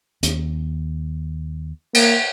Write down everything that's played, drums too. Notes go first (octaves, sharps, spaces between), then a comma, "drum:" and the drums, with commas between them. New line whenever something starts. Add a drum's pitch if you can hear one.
D#2, drum: hi-hat
A#3, drum: cymbal